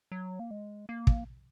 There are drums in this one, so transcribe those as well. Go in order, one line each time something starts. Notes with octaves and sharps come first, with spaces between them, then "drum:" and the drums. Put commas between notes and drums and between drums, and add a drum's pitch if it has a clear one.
F#3
A#3
G#3
A#3
drum: kick